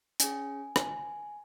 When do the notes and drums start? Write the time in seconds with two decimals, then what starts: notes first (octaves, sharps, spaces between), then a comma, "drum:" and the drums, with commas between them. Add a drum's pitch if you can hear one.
0.20 C#4 G#4 G#5, drum: hi-hat
0.76 G#5, drum: rim click